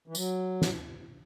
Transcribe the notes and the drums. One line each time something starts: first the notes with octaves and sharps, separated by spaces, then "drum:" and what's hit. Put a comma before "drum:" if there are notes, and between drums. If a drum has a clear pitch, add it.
E3
F#3, drum: tambourine
drum: snare